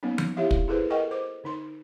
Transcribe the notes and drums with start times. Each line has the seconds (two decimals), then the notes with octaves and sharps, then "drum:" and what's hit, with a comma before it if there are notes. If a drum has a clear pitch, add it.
0.03 F#3 A#3 B3 C#4 D#4
0.18 drum: tom F3
0.37 E4 G4 C#5 E5 F5
0.51 drum: kick
0.68 E4 G#4 A4 B4 C5
0.90 A4 A#4 D#5 F#5 G5 C#6
1.11 C5 D6
1.44 D3 D#4 C6